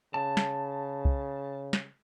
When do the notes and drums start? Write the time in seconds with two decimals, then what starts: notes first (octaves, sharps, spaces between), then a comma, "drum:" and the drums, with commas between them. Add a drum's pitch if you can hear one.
0.14 C#3 A5
0.37 drum: snare
1.05 drum: kick C2
1.73 drum: snare